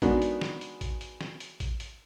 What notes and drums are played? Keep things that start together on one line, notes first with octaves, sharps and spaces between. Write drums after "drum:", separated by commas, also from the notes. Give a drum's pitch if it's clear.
G#3 B3 D4 D#4 F#4 A#4, drum: kick A1, hi-hat
drum: hi-hat
drum: snare
drum: hi-hat
drum: kick A1, hi-hat
drum: hi-hat
drum: snare
drum: hi-hat
drum: kick A1, hi-hat
drum: hi-hat